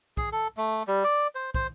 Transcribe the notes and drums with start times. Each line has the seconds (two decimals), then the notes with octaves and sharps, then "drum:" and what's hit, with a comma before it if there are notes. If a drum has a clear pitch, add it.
0.17 G#4, drum: kick
0.32 A4
0.57 A3
0.87 G3
1.04 D5
1.35 C5
1.54 C5, drum: kick